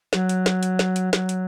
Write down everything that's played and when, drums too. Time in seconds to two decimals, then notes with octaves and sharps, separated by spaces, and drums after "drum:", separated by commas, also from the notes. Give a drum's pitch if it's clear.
0.13 F#3, drum: snare
0.29 drum: hi-hat
0.46 drum: snare
0.63 drum: hi-hat
0.79 drum: snare
0.96 drum: hi-hat
1.13 F#3, drum: snare
1.29 drum: hi-hat